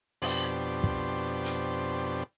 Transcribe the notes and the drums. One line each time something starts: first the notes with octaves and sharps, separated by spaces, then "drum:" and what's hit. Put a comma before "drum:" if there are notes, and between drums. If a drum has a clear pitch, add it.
F2 B2 D4 G4 C5, drum: open hi-hat
drum: kick
drum: hi-hat